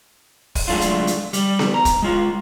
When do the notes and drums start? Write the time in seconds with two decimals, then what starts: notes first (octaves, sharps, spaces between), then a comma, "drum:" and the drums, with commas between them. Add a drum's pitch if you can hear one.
0.55 drum: kick, open hi-hat
0.68 F#3 G#3 A3 D4 F4
0.81 drum: hi-hat
1.07 drum: hi-hat
1.33 G3, drum: hi-hat
1.59 drum: snare B3
1.74 A#5
1.85 drum: kick, hi-hat
2.02 G#3 F4